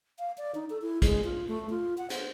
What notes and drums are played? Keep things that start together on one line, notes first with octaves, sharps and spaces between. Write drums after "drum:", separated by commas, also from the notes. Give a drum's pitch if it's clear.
F5
D5
D#4
A4
E4
G#3, drum: kick, hi-hat
F4
A3
F4
F#5
C5, drum: hi-hat